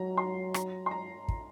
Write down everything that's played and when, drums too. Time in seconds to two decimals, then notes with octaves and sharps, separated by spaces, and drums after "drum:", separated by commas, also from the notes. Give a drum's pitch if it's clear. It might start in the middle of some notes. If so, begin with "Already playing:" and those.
Already playing: F#3 A#5
0.17 C6
0.54 A#5, drum: rim click
0.86 C6
0.91 A#5
1.28 drum: kick